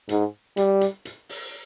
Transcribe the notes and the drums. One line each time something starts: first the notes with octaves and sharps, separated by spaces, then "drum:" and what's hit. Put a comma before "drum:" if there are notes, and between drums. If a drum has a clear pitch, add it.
G#2, drum: hi-hat
G3, drum: hi-hat
drum: hi-hat
drum: hi-hat
drum: open hi-hat